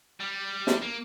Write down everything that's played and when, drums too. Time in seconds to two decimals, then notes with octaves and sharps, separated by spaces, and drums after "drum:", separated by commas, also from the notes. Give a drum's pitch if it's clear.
0.20 G3
0.67 drum: snare
0.82 A#3